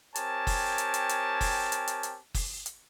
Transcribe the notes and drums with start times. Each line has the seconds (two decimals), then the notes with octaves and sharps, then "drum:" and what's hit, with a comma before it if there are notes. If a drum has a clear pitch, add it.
0.15 C4 G4 A#4 C#5 G#5 A5, drum: hi-hat
0.47 drum: kick, open hi-hat
0.78 drum: hi-hat
0.94 drum: hi-hat
1.09 drum: hi-hat
1.41 drum: kick, open hi-hat
1.72 drum: hi-hat
1.88 drum: hi-hat
2.03 drum: hi-hat
2.34 drum: kick, open hi-hat
2.66 drum: hi-hat